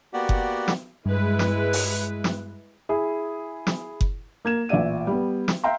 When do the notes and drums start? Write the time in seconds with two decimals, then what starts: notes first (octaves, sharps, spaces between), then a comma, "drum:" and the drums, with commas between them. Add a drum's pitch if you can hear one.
0.13 A#3 B3 F#4 G4 D5 F#5
0.29 drum: kick F#1
0.68 drum: snare
1.06 G2 G#3 E4 B4
1.39 drum: snare
1.73 drum: open hi-hat
2.24 drum: snare
2.89 E4 G#4
3.67 drum: snare
4.01 drum: kick F#1
4.45 A#3 G#6 E7
4.69 A1 A#2 D5 E5 D#7
5.07 G3 B3
5.48 drum: snare
5.64 E5 F5 G5 A#5 C6